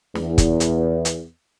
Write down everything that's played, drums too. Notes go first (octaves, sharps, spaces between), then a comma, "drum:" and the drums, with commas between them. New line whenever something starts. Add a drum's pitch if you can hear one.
E2, drum: snare
drum: kick, hi-hat
drum: hi-hat
drum: hi-hat